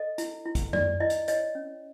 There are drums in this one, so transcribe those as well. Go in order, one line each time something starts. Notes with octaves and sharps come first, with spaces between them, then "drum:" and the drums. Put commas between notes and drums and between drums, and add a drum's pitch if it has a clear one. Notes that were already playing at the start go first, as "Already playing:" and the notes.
Already playing: A4 D#5
E4, drum: hi-hat
E4
drum: kick, hi-hat
A4 D5, drum: tom F#2
E4 D#5
drum: hi-hat
C#5 D#5, drum: hi-hat
C#4